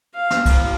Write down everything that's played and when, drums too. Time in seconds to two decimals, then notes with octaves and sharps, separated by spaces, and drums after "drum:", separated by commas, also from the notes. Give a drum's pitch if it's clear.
0.15 F5
0.31 drum: snare
0.46 drum: kick, cymbal